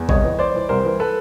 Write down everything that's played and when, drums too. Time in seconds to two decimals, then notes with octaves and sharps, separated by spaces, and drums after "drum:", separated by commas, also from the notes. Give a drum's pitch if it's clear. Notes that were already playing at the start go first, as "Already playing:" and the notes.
Already playing: E2
0.09 C2 C#5 D#5, drum: kick A1
0.24 E3
0.39 E3 C5 D5
0.55 E3
0.69 C2 A#4 C5
0.85 E3
1.00 A4 B4